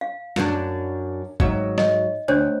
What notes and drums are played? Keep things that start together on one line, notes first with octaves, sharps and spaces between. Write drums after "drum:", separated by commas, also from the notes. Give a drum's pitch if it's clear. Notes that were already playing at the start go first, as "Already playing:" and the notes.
F5
F#2 D4, drum: snare
G#2 F#3 E5, drum: kick G1
D#5, drum: snare
D2 D4 C5 C#5